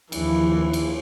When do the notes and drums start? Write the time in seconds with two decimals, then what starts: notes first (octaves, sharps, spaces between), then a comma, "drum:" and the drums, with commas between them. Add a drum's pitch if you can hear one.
0.12 D#2 E3 F3, drum: cymbal
0.73 drum: cymbal